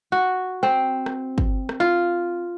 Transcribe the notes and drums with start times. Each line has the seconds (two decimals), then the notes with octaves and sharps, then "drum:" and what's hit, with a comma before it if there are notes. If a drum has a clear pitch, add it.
0.12 F#4
0.63 C4
1.06 drum: rim click
1.38 drum: kick
1.69 drum: rim click
1.80 F4